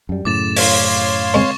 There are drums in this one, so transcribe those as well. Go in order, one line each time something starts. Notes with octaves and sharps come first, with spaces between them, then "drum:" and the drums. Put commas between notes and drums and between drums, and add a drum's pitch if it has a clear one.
F#2 G3
F#2 A2 C#3 D6 A6 E7
C#5 F5 C6, drum: open hi-hat
C#2 G#3 C4 C#6